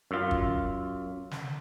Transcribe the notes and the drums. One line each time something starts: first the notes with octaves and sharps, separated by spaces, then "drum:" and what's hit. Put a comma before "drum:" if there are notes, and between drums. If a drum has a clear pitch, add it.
F#2 F4
drum: kick
drum: snare